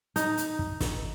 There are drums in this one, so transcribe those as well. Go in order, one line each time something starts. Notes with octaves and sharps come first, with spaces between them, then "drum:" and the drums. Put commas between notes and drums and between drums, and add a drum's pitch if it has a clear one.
D#4, drum: hi-hat
drum: hi-hat
drum: kick
drum: snare